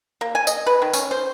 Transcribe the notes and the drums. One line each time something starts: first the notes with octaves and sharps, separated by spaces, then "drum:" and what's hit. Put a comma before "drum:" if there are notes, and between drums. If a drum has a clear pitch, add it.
A#3
G#5
D#5, drum: tambourine
B4
D#3
C#4, drum: tambourine
C5